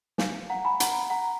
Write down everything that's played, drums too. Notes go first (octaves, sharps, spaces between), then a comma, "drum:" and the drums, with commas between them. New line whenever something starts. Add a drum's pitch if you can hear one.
F5 G#5, drum: snare
F#5 A#5
G#5 B5
F#5 A#5, drum: hi-hat
F#5 A#5